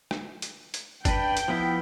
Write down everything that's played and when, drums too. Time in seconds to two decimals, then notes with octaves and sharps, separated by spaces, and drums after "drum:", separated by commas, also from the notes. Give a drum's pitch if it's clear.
0.11 drum: rim click
0.42 drum: hi-hat
0.74 drum: hi-hat
1.05 D4 B4 G5, drum: kick, hi-hat
1.37 drum: hi-hat
1.48 F3 B3 E4